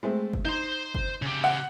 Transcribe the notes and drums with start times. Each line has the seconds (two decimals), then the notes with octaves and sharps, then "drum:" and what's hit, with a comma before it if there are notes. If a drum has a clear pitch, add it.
0.03 G#3 A3 C4
0.33 drum: kick F#1
0.45 D#4 C5 C6
0.95 drum: kick F#1
1.22 C#3 G4
1.44 F#5